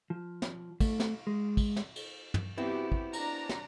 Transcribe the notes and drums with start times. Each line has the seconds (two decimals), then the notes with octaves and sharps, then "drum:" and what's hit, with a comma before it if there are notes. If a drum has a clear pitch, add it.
0.10 F3
0.42 drum: snare
0.80 A3, drum: kick, cymbal
1.00 drum: snare
1.27 G#3
1.57 drum: kick, cymbal
1.76 drum: snare
1.96 drum: cymbal
2.34 drum: tom
2.57 B3 C4 E4 F#4 G4
2.92 drum: kick
3.13 D4 A#5, drum: cymbal
3.49 drum: snare